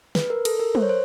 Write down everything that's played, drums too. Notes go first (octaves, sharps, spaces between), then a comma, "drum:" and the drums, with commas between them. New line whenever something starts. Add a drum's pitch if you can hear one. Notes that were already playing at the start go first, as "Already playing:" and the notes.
B4, drum: snare
A#4
A4, drum: cymbal
A#4
C5, drum: tom
C#5
C5